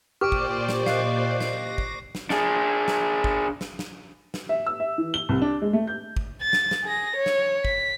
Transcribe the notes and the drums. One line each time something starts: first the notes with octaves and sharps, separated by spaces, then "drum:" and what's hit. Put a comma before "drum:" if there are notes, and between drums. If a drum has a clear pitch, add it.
A#2 G4 C5 D5 C#6 D6 F6 D7
drum: kick
drum: snare
D#5 F5 F#6 C7, drum: snare
A#6 C7, drum: snare
drum: kick
drum: snare
D4 G#4, drum: snare
drum: snare
drum: kick
drum: snare
drum: snare
drum: snare
E5
E6
E5
E3
G7
C2
D4
G#3
A3
G6
drum: kick
A6
drum: snare
drum: snare
G#4 A#6
C#5
drum: snare
B6, drum: kick